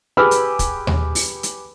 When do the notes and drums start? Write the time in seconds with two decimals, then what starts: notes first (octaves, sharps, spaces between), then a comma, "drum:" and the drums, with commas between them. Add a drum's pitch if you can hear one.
0.17 G4 G#4 B4 B5 E6 F6
0.31 drum: hi-hat
0.59 drum: kick, hi-hat
0.87 drum: tom D#2
1.15 drum: open hi-hat
1.43 drum: hi-hat